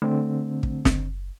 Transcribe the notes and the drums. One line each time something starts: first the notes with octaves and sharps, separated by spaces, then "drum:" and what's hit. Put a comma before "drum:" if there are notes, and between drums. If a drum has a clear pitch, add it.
D3 A3 C4
drum: kick
F#1, drum: snare